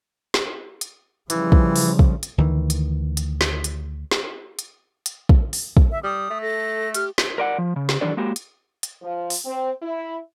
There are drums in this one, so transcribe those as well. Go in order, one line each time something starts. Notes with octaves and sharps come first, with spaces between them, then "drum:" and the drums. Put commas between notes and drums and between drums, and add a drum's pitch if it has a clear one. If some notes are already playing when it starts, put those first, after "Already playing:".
drum: snare
drum: hi-hat
C#3 E3 F3 G3, drum: hi-hat
drum: kick
drum: open hi-hat
drum: kick
drum: hi-hat
D2 D#3 E3
drum: hi-hat
drum: hi-hat
drum: snare
drum: hi-hat
drum: snare
drum: hi-hat
drum: hi-hat
drum: kick
drum: open hi-hat
drum: kick
E5
G3 D#6
A3
A4 A#6
G4 F6, drum: hi-hat
drum: snare
A#4 D5 F#5
F3
C#3
drum: snare
D#3 E3 F#3 D4 A4 D5
G#3 A#3 F#4 G4
drum: hi-hat
drum: hi-hat
F3
drum: open hi-hat
C4
E4